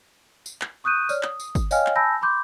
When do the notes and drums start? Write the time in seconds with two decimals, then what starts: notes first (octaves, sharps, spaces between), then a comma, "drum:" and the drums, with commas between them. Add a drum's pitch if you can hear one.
0.46 drum: tambourine
0.61 drum: clap
0.84 C#6 D#6 F#6 G6 D#7
1.09 C#5 D5 F6, drum: tambourine
1.23 D#6, drum: clap
1.40 drum: tambourine
1.55 drum: kick G1, tambourine
1.71 C#5 D#5 F5 G5 G#5 F6, drum: tambourine
1.86 drum: clap
1.96 G#5 A5 B5 E6 G6 A#6
2.21 B5 C6 D6 G6